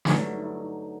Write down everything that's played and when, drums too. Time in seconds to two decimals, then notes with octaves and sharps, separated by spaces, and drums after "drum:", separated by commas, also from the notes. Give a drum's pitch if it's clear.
0.05 G2 D3 F#3 A3 E4, drum: snare
0.30 D#4
0.43 E4
0.56 D#4